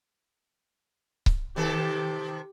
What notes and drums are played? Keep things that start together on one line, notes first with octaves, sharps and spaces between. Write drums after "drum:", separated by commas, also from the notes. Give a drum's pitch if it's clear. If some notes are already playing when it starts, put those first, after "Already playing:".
drum: kick C#1
C3 D#3 G4 A4